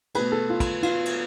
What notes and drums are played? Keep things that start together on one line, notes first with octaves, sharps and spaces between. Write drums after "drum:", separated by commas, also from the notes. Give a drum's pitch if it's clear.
B2 A3 B4, drum: cymbal
A4
F4
drum: kick, cymbal
F4, drum: cymbal
drum: cymbal